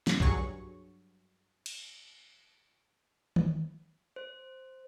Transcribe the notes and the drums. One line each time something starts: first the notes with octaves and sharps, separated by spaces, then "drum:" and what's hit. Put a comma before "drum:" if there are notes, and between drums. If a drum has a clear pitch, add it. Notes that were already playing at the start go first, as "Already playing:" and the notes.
drum: snare
G2 F#3 G#4 C#6, drum: kick
drum: cymbal
drum: tom D#3
C5